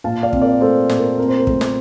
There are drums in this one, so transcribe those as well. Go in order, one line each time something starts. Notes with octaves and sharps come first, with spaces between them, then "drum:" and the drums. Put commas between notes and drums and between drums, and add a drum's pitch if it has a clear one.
A#2 F5 A5
D5 F5
C4, drum: kick
A#4 D5
A3 A4 C5
A#2, drum: snare
A#4
C4 A#4
C5
A#4
A3, drum: kick
drum: snare